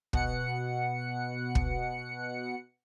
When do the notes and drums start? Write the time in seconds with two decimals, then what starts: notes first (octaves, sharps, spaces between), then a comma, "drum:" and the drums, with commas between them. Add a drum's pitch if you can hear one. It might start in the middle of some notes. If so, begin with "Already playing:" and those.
0.13 B2 F#5 C#7, drum: kick
1.55 drum: kick